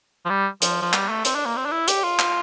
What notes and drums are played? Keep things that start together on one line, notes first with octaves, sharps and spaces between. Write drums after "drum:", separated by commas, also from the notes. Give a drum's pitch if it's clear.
F3
G3
F3, drum: hi-hat
F3
G3, drum: clap
A3
C4, drum: hi-hat
D4
A#3
C4
D4
E4
G4, drum: hi-hat
F4
drum: clap